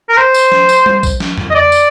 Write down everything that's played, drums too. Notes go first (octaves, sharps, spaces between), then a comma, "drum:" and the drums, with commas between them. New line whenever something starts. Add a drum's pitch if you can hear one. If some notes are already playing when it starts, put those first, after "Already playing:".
A#4
C5
drum: tambourine
drum: snare
drum: tambourine
drum: tom G3
drum: kick A#1, tambourine
drum: snare
drum: tom F2
D#5
D5
drum: tambourine